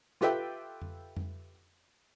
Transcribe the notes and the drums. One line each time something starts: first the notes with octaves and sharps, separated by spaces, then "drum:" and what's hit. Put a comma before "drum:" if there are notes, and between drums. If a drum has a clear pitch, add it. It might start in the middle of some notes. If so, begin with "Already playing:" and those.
F4 G4 A4 B4 E5 G5, drum: snare
drum: tom F2
drum: tom F2